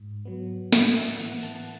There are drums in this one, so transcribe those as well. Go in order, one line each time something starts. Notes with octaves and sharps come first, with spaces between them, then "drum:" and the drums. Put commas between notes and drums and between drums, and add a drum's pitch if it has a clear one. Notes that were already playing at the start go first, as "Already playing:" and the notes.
Already playing: G#2
F#3 B3
A2 E5, drum: snare
E5, drum: cymbal
E3 B3 F#5, drum: cymbal
A5, drum: cymbal
A5